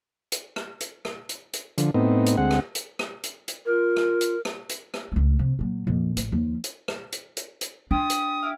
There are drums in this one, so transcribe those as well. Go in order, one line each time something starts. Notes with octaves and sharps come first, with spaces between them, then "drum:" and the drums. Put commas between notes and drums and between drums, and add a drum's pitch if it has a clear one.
drum: hi-hat
drum: rim click
drum: hi-hat
drum: rim click
drum: hi-hat
drum: hi-hat
D3 F3, drum: hi-hat
A2 B3 C4 D#4
drum: hi-hat
D2 G#3 C4 F#5
drum: rim click
drum: hi-hat
drum: rim click
drum: hi-hat
drum: hi-hat
F4 A#4
drum: rim click
drum: hi-hat
drum: rim click
drum: hi-hat
drum: rim click
C#2 A3
C3
A#2 F#3
F2 A#2
A1, drum: hi-hat
D#2 F3
drum: hi-hat
drum: rim click
drum: hi-hat
drum: hi-hat
drum: hi-hat
C#4 D4 F4 G4 D#6
drum: hi-hat
E4 G4 F5